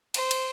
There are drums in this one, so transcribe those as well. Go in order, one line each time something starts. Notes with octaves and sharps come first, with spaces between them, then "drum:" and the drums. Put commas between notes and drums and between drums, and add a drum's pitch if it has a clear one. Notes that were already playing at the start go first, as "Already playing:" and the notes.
C5, drum: cymbal
drum: cymbal